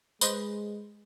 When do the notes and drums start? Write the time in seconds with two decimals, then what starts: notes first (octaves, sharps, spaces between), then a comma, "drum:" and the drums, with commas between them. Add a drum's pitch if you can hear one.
0.21 G#3 B4 C5 D#5, drum: tambourine